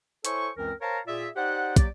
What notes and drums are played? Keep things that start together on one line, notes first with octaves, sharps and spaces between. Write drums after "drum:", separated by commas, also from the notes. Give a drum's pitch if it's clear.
E4 A4 C5 C#5 G#5 C#6, drum: hi-hat
C#2 F#2 E3 C4 A#4
A#4 C5 C#5 F5 A5 A#5
A#2 F4 G#4 D5 E5
D#4 G4 C5 D5 F#5
F#3 A#3 G4 D5, drum: kick, hi-hat